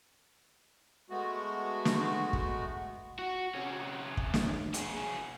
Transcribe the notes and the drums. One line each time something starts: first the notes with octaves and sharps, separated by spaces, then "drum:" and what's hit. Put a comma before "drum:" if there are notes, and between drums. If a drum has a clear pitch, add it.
G#3 A3 B3 F#4
drum: snare
drum: kick
F#4
C3 C#4
drum: kick
drum: snare
B2 G#4, drum: hi-hat